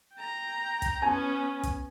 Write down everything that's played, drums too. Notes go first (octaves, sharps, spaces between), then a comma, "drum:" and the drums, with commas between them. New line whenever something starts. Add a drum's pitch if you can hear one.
G5 A#5
drum: kick, hi-hat
B3 C#4 G#5
drum: kick, hi-hat